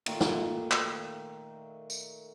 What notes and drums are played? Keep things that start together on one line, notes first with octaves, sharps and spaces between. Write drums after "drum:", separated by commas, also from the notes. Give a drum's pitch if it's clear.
A#2 D#3 A3, drum: cymbal
drum: snare
drum: clap
drum: tambourine